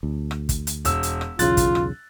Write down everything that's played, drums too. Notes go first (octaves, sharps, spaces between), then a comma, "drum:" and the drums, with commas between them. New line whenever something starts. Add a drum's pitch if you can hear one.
D2
drum: rim click
drum: kick, hi-hat
drum: hi-hat
E1 E6, drum: hi-hat
drum: hi-hat
drum: rim click
B1 E2 C#3 F4 F#6 A6, drum: hi-hat
drum: kick, hi-hat
drum: rim click